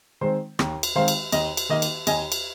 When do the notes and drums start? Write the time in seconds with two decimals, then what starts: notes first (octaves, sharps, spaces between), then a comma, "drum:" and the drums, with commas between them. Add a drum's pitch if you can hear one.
0.21 D#3 G#3 C4 C5
0.59 D#2, drum: rim click
0.83 drum: cymbal
0.95 D#3 G#3 C4 C5 F5
1.08 drum: cymbal
1.32 D#2 D#5, drum: cymbal
1.57 drum: cymbal
1.69 D#3 A#3 D#5
1.82 drum: cymbal
2.07 D#2 D#5 G#5, drum: cymbal
2.32 drum: cymbal